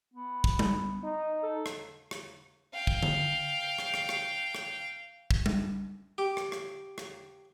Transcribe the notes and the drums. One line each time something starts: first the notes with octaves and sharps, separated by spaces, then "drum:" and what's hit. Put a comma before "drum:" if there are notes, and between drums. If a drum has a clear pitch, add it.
B3
drum: kick
drum: tom G3
D#4
A4
drum: rim click
drum: rim click
F5 G5
drum: kick
drum: tom D3
drum: rim click
drum: rim click
drum: rim click
drum: rim click
drum: kick
drum: tom G3
G4
drum: rim click
drum: rim click
drum: rim click